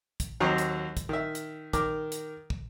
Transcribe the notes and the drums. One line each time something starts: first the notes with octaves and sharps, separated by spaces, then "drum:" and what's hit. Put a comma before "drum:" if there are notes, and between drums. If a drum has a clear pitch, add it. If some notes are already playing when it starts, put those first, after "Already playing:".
drum: kick, hi-hat
D#2 F#3 C4 F#4 D#5 A#5
drum: hi-hat
drum: kick, hi-hat
D#3 E5
drum: hi-hat
D#3 A#4 D6, drum: kick, hi-hat
drum: hi-hat
drum: kick